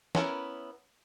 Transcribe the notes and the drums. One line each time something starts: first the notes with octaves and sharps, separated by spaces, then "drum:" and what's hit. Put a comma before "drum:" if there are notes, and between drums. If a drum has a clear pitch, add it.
B3 C#4 E4 A#4, drum: snare